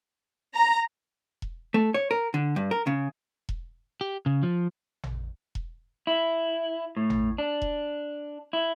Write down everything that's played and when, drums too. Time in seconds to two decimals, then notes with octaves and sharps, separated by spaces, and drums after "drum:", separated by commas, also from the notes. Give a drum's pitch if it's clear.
0.55 A#5
1.42 drum: kick E1
1.74 A3
1.94 C#5
2.11 A#4
2.34 D3
2.56 G2
2.71 A#4
2.87 C#3
3.49 drum: kick E1
4.01 G4
4.26 C#3
4.43 F3
5.03 drum: tom A1
5.55 drum: kick E1
6.07 E4
6.97 A2
7.10 drum: tom A1
7.38 D4
7.62 drum: kick E1
8.53 E4